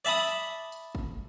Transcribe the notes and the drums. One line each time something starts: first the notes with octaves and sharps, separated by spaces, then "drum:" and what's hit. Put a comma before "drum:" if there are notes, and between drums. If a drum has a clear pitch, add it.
D5 E5 A5 B5 D#6
drum: tambourine
drum: tambourine
drum: kick